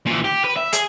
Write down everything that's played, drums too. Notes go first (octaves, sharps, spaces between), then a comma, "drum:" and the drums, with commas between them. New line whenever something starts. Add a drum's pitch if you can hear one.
A#2 E3
G4
B4
E5
G#4, drum: hi-hat